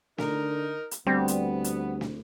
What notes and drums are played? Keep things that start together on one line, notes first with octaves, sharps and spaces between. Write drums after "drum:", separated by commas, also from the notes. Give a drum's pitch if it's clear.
D3 D#4 A#4, drum: snare
drum: hi-hat
D2 G3 B3 C4
drum: hi-hat
drum: hi-hat
drum: snare